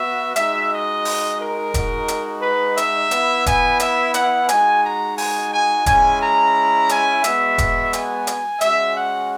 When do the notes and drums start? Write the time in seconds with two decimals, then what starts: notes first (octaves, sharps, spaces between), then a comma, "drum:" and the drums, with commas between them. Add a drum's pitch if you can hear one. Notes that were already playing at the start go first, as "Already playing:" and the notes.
Already playing: B3 F#4 E5
0.36 G#3 D#4 F#4 E5, drum: hi-hat
0.71 D#5
1.05 drum: open hi-hat
1.40 A#4
1.74 G#3 D#4 F#4, drum: kick E1, hi-hat
2.08 drum: hi-hat
2.42 B4
2.77 E5, drum: hi-hat
3.11 B3 E4, drum: hi-hat
3.46 G#5, drum: kick E1, hi-hat
3.80 E5, drum: hi-hat
4.14 F#5, drum: hi-hat
4.49 G#3 D#4 F#4 G#5, drum: hi-hat
4.83 A#5
5.18 G#5, drum: open hi-hat
5.52 G#5
5.86 G#3 C#4 E4 G#5, drum: kick E1, hi-hat
6.20 A#5
6.89 G#5, drum: hi-hat
7.24 G#3 B3 F#4 E5, drum: hi-hat
7.58 drum: kick E1, hi-hat
7.93 G#5, drum: hi-hat
8.27 drum: hi-hat
8.61 G#3 C#4 F#4 E5, drum: hi-hat
8.96 F#5